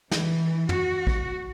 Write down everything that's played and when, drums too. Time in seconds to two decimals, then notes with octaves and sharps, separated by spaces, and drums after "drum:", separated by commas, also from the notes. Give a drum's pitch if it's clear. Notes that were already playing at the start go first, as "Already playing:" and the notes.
0.11 E3, drum: snare
0.69 F#4, drum: tom
1.07 drum: kick